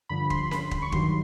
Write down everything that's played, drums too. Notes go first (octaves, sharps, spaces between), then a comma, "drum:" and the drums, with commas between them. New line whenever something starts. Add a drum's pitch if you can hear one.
G2 D3 F3 B5
C6, drum: kick
B5, drum: snare C#4
B5, drum: kick
C#6
G2 D#3 F#3 C6, drum: kick